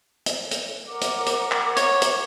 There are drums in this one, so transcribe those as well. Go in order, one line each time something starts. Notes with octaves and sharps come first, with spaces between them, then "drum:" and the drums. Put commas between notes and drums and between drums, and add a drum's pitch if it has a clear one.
drum: hi-hat
drum: hi-hat
A#4 F#5 D6
drum: hi-hat
drum: hi-hat
drum: clap
C#5, drum: hi-hat
drum: hi-hat